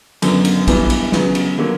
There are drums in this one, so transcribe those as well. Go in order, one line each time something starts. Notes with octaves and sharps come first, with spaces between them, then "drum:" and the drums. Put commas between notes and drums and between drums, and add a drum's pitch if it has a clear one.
F#2 D3 F#3 B3, drum: cymbal
drum: cymbal
G2 E3 B3, drum: kick, cymbal
drum: cymbal
C#3 F#3 B3, drum: snare
drum: cymbal
D3 F#3 A#3